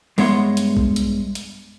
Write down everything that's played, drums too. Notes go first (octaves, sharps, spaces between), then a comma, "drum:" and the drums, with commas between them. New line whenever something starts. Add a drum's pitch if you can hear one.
G2 G#3 B3 C#5 E5 C6, drum: open hi-hat
drum: hi-hat
drum: kick
drum: hi-hat
drum: hi-hat